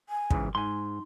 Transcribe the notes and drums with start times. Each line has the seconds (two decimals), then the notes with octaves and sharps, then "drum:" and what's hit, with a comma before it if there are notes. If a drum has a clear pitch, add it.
0.09 G#5
0.31 G#2 C#3 E3, drum: kick
0.55 G#2 D#4 G#5 C6